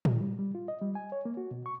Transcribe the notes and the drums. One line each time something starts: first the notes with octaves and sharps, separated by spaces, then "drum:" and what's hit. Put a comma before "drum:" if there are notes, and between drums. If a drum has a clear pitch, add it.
drum: tom A2
G3
G3
F4
D#5
G3
G#5
C#5
A#3
F#4
B2
C#6